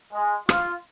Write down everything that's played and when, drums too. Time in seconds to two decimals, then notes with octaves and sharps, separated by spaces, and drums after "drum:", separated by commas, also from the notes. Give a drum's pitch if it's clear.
0.13 G#3
0.49 F4, drum: rim click